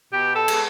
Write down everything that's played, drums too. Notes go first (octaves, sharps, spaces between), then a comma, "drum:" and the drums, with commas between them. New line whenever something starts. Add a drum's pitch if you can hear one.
B2 G4
A4
G#3 B3, drum: cymbal